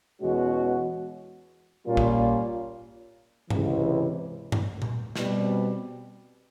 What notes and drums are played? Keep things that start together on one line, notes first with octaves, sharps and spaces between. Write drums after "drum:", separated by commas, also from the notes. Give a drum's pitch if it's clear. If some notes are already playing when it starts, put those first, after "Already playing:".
E2 B2 G#3 C#4 F#4
A#2 G3 A#3 C#4 F4
drum: kick
C#2 C3 E3, drum: tom G2
drum: tom G2
drum: tom A#2
B2 G3 C4, drum: snare